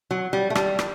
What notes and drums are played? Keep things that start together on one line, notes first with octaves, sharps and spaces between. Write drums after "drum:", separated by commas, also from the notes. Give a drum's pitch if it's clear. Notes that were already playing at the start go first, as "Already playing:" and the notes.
F#3
G3
A3
G3, drum: rim click
drum: rim click